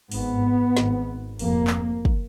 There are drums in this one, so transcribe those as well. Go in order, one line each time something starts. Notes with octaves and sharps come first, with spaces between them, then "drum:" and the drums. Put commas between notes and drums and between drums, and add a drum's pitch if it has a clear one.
G#1 G#2 B3, drum: open hi-hat
G#1 G#2, drum: snare
F1 F2 A#3, drum: open hi-hat
drum: clap
drum: kick